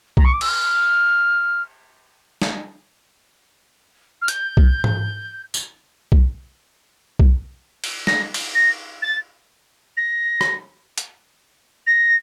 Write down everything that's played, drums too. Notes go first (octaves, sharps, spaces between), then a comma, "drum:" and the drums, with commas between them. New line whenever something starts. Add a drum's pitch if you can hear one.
A#5, drum: kick B1
C#6
D6
E6, drum: cymbal
F6
drum: snare
F6
G6, drum: hi-hat
drum: kick B1
drum: tom G#2
drum: tambourine
drum: kick B1
drum: kick B1
drum: cymbal
A#6, drum: snare
drum: cymbal
A#6
A6
A#6
drum: rim click
drum: hi-hat
A#6